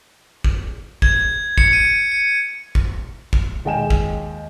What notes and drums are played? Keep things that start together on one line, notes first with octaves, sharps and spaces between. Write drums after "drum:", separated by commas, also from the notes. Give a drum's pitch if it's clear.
drum: kick
G#6, drum: kick
C#7, drum: kick
D#7
C#7
drum: kick
drum: kick
D#2 G#3 D#5 G5 G#5 E7
drum: kick